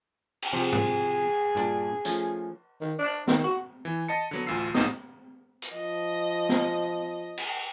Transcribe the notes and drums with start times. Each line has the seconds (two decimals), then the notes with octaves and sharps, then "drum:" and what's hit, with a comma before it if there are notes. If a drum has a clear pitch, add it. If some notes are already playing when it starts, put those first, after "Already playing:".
0.42 drum: cymbal
0.53 C3 F3 C4 G#4
0.72 drum: tom G#2
1.55 G2 A#2 D4
2.05 F3 A3 C#4, drum: tambourine
2.81 D#3
2.99 D4
3.27 D#3, drum: snare
3.44 F#4
3.85 E3
4.09 D#5 A5 C#7
4.31 D3 F#3 B3
4.47 A1 D2 F4 E6 C7
4.74 A#1 G#2 D#4 D#6, drum: snare
5.62 drum: hi-hat
5.73 F3 D#5
6.49 drum: snare
7.38 drum: cymbal